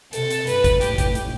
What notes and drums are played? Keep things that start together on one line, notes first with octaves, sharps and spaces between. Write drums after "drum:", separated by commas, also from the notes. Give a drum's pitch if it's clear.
C3 A4, drum: hi-hat
drum: hi-hat
G2 B4, drum: hi-hat
drum: kick, hi-hat
A2 G4, drum: hi-hat
drum: kick, hi-hat
drum: hi-hat